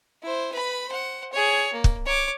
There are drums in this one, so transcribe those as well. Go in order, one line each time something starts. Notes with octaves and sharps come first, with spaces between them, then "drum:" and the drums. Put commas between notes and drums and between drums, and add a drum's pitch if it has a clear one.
E4 C5
B4 B5
C5 F#5
G#4 C#5
A#3
drum: kick
C#5 D6